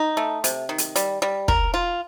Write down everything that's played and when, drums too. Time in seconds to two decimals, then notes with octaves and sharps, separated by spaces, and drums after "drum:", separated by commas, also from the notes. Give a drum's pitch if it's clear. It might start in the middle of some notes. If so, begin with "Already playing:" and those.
Already playing: D#4
0.17 A3
0.44 C3, drum: hi-hat
0.69 D#3
0.78 drum: hi-hat
0.96 G3, drum: hi-hat
1.22 G3
1.48 A#4, drum: kick
1.74 F4